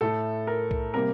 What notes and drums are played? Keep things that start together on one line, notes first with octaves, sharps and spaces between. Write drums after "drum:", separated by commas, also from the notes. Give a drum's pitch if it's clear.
A2 A3 A4
A#4
drum: kick B1
C3 G3 A#3 A#4